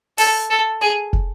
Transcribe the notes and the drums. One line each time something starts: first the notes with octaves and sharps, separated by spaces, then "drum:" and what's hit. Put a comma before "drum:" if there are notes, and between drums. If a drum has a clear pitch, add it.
A4, drum: open hi-hat
A4
G#4
drum: kick